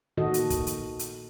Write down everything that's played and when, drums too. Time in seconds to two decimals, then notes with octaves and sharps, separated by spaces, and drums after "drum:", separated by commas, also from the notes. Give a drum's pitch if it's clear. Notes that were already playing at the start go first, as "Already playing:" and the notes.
0.17 A#2 D#3 F#4 A4 D#5
0.34 drum: hi-hat
0.50 drum: kick, hi-hat
0.67 drum: hi-hat
0.99 drum: hi-hat